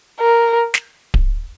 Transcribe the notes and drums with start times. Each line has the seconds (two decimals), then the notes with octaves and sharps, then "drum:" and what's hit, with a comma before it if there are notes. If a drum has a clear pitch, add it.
0.20 A#4
0.74 drum: snare
1.14 drum: kick D1